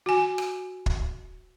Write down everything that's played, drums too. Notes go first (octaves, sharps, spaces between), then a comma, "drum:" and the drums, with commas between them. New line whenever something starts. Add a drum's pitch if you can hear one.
F#4 G#5
drum: rim click
drum: kick